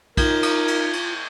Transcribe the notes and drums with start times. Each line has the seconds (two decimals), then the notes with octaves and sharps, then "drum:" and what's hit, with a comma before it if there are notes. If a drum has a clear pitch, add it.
0.17 D#4 F4 A#4 G6 G#6 G7, drum: kick, cymbal
0.43 drum: cymbal
0.68 drum: cymbal
0.93 drum: cymbal